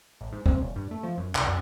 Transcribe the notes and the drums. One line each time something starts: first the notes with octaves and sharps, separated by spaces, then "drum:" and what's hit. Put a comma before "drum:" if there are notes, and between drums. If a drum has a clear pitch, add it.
A1
G#2
C4, drum: kick
D#1
G2
A3
F3
F#2
C2, drum: clap
F#2